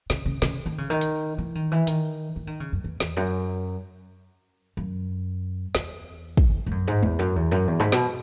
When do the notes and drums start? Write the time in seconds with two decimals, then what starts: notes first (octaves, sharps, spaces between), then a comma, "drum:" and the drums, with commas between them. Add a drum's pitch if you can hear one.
0.10 C#3, drum: snare
0.25 C#3
0.42 C#3, drum: snare
0.66 D#3
0.78 C#3
0.90 D#3
1.01 drum: hi-hat
1.38 E3
1.55 D#3
1.72 E3
1.87 D#3, drum: hi-hat
2.36 E3
2.47 D#3
2.60 C#3
2.72 F#2
2.84 E2
3.00 E2, drum: snare
3.17 F#2
4.77 F#2
5.75 E2, drum: snare
6.37 drum: kick
6.66 G#2
6.71 F#2
6.87 G#2
7.03 E2, drum: tom
7.19 F#2
7.36 E2
7.51 F#2
7.67 E2
7.80 G#2
7.92 B2, drum: snare